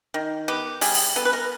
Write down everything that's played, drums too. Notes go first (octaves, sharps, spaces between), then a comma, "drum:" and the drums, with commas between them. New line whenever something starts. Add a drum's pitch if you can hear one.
D#3
B3 G4
G3 G#4, drum: open hi-hat
drum: open hi-hat
B3 A4
B4
A#4